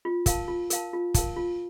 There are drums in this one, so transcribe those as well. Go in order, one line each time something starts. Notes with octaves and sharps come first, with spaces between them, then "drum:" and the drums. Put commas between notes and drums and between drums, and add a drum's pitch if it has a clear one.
F4
A#4 F5 A5, drum: kick, hi-hat
F4
A#4 F5 A5, drum: hi-hat
F4
A#4 F5 A5, drum: kick, hi-hat
F4